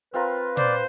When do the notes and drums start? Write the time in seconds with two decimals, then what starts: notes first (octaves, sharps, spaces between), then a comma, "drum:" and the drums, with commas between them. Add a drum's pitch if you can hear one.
0.14 C4 F4 A#4 B4
0.57 C5 D5, drum: tom A#2